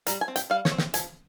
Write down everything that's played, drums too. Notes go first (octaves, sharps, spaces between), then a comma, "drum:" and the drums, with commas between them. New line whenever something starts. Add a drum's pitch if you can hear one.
G3 A#5, drum: hi-hat
G#5
C4
G5, drum: hi-hat
G3 F5
C#5, drum: snare
C4
G5, drum: snare
F3 G#5, drum: hi-hat